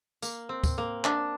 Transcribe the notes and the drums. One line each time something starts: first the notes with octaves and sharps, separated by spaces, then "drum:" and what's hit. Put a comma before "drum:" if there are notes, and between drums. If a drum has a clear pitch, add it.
A#3, drum: tambourine
C4
drum: kick, tambourine
A#3
D4, drum: clap